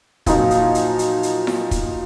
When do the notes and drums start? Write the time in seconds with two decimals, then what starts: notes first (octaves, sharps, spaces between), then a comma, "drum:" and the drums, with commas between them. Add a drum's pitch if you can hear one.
0.26 A#2 F3 F#3 D#4, drum: kick, hi-hat
0.51 drum: hi-hat
0.75 drum: hi-hat
0.99 drum: hi-hat
1.23 drum: hi-hat
1.47 drum: snare E4
1.71 drum: kick, hi-hat